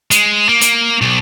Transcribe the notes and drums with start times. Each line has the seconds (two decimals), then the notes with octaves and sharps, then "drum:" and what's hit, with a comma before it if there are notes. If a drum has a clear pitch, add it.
0.11 G#3, drum: hi-hat
0.49 A#3
0.61 A#3, drum: hi-hat
1.01 B1